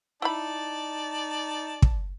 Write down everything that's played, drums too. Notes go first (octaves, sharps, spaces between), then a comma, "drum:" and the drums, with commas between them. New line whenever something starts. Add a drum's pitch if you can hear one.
D#4 E4 D5 A5 B5
drum: kick